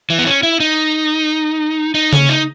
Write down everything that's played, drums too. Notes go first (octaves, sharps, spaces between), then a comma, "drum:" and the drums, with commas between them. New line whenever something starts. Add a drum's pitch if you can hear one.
E3
B3
C#4
E4
D#4
D#4
C#4, drum: tom C#3
D#4